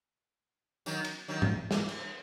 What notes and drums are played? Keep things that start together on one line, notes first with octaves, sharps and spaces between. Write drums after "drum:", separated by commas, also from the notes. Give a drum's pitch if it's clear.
D#3 F#3, drum: tambourine
drum: cymbal
D#3 F#3
drum: tom G#2
E3, drum: snare
drum: cymbal